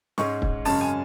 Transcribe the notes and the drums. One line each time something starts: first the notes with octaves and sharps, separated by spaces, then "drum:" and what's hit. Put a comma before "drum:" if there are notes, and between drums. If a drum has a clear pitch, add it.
G#2 G#3 C#4 C#6, drum: snare
drum: kick
F#2 C#3 G#3 C#4 A5, drum: open hi-hat
G#5